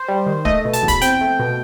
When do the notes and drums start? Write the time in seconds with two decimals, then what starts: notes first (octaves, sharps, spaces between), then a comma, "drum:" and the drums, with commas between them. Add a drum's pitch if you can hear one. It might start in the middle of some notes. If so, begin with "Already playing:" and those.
Already playing: C5
0.08 G3
0.26 D#3
0.45 A3 D#5, drum: kick
0.65 B2
0.73 A5, drum: hi-hat
0.83 E2
0.88 B5, drum: kick, hi-hat
1.01 C4 G5, drum: hi-hat
1.21 A3
1.39 B2